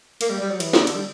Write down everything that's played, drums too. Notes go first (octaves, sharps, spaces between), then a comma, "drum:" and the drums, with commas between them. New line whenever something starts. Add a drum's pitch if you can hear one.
A#3, drum: cymbal
G3
G3
F#3
E3, drum: cymbal
D3, drum: snare
D3, drum: cymbal
G3